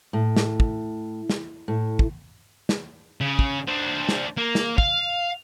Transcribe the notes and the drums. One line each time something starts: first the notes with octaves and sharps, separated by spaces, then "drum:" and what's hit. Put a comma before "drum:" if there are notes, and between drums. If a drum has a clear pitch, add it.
A2
drum: snare
drum: kick
drum: snare
A2
drum: kick
drum: snare
C#3
drum: kick
D4 C5
drum: snare
A#3
drum: snare
F5, drum: kick